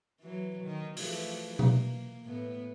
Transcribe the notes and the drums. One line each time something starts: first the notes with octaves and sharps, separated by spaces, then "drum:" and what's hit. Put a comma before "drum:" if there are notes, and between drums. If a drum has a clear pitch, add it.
E3 F#3
D#3
E3 F3 A3, drum: open hi-hat
A#3, drum: tom B2
A2 B3